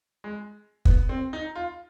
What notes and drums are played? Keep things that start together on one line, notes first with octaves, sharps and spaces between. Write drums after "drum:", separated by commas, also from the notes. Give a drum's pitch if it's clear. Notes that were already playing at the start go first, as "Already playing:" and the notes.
G#3
B3, drum: kick
C4
D#4
F4